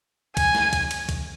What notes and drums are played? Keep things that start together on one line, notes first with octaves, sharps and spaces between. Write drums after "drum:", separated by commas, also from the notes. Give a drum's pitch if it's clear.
G#5, drum: kick, cymbal
drum: snare
drum: kick, cymbal
drum: cymbal
drum: kick, cymbal